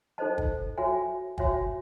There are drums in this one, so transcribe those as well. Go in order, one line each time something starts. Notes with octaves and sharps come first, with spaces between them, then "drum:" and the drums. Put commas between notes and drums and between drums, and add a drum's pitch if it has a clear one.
D#4 A4 C5 D#5 A5
drum: kick
F#4 C#5 E5 G#5
F#4 C#5 E5 G#5, drum: kick